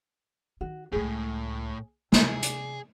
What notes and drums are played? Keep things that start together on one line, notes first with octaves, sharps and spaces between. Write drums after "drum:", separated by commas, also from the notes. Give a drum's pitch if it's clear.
D#3 F#4
C#2 A2 A3 G#4
C3 E4 G#4, drum: snare
D5, drum: hi-hat